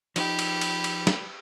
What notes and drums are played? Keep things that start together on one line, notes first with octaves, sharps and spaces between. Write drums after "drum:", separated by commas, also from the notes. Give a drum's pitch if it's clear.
F3 D#4 G4 B5, drum: cymbal
drum: cymbal
drum: cymbal
drum: cymbal
drum: snare